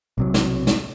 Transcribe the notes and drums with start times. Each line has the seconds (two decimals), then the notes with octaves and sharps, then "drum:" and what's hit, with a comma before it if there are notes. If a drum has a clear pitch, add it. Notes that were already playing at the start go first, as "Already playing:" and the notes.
0.18 B1 C3 F#3
0.34 drum: snare
0.67 drum: snare